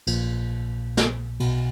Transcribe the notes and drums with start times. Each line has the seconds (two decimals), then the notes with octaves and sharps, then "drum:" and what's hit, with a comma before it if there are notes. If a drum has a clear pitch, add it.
0.07 A#1 A#2, drum: cymbal
0.97 drum: snare
1.40 B1 B2, drum: cymbal